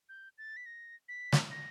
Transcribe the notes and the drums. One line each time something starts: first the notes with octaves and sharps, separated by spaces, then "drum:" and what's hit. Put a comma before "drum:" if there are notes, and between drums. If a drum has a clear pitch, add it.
G6
A6
B6
A#6
B6
drum: snare
A#6